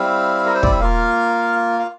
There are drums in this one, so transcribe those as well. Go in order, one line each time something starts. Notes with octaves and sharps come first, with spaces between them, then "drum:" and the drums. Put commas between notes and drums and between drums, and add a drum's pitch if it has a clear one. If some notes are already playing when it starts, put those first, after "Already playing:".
Already playing: G3 C4 E4 F5
A#4
C5
D5, drum: kick
E5
A#3 F4 F5
F5